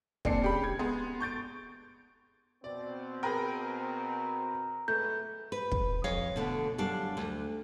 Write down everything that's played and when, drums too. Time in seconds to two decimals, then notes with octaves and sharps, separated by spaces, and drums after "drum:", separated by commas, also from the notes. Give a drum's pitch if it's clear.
0.25 A#2 C4 D4 C7 C#7, drum: kick
0.42 C#3 G4 B5
0.64 G#6
0.79 G#3 B3 G#4 C6
1.20 C#6 G6 A6 D7
2.64 B2 C4 D5
3.23 G#4 A#4 B4 G5
4.88 B1 G#3 A3 B4 G6
5.52 B4
5.72 drum: kick
6.04 F2 C#5 D#5 F5
6.36 B2 D3 A3
6.78 F#2 G3 D4 F5
7.17 D2